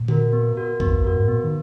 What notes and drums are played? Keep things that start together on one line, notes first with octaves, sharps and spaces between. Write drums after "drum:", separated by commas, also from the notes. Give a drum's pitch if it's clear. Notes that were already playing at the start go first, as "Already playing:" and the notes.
Already playing: A#2
F#4 A#4, drum: tom C#3
B3
F#4 A#4
F#2 B3, drum: kick A#1
E2
F#2 F#4 A#4
G#2
A#2 B3
D#3